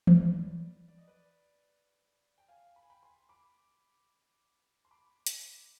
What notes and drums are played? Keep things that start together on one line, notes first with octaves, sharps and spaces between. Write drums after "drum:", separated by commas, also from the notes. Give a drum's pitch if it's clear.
D5, drum: tom E3
C5
B4 D5
D5
D#5
B4 D5
G5
F5 G#5
B5
G#5
G5 B5
G#5 C6
B5 D6
C6
B5 D6
drum: hi-hat